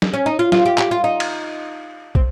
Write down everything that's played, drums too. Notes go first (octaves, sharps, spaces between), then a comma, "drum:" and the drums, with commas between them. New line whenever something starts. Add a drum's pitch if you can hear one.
drum: snare
C#4
D#4
F4
F4, drum: snare
G4
G4, drum: clap
F4
D#4
drum: cymbal
C4, drum: kick